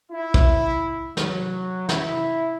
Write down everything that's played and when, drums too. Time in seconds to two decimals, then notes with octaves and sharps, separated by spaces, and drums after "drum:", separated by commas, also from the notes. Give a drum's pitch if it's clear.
0.11 E4
0.34 drum: kick
1.17 F#3, drum: snare
1.89 E4, drum: snare